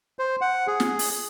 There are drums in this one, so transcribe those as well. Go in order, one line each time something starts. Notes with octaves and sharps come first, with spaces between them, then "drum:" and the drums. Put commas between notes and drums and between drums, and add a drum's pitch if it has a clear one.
C5
F#5
G#4
drum: snare
drum: open hi-hat